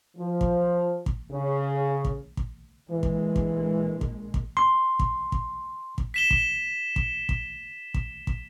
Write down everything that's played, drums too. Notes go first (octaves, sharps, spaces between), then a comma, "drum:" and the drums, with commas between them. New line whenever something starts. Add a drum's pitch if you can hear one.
F3
drum: kick
drum: kick
C#3
drum: kick
drum: kick
A#1 E3 G#3
drum: kick
drum: kick
drum: kick
drum: kick
C6
drum: kick
drum: kick
drum: kick
B6 E7 G7
drum: kick
drum: kick
drum: kick
drum: kick
drum: kick